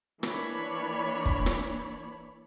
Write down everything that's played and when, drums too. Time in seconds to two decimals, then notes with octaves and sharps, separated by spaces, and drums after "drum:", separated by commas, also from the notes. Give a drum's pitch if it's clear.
0.23 E3 A#3 D4 C#5 D5 B5, drum: rim click
1.26 drum: kick
1.46 drum: rim click